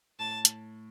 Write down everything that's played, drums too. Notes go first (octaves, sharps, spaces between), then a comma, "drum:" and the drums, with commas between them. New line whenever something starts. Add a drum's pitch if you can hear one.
A2 A5
drum: hi-hat